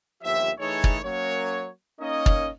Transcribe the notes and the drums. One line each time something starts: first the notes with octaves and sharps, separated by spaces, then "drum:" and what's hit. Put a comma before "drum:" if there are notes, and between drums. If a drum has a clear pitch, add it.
G1 D#2 F3 G4 E5
E3 A3 D#4 G#4 A4 C#5
drum: kick
F#3 A#3 C#4 A#4 C#5
A#3 C#4 D#4 A#4 C#5 D#5
drum: kick